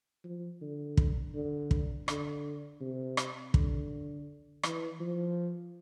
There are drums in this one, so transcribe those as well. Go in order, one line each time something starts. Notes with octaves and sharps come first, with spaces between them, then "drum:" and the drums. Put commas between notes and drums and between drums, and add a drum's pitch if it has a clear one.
F3
D3
drum: kick
D3
drum: kick
D3, drum: rim click
C3
drum: rim click
D3, drum: kick
E3, drum: rim click
F3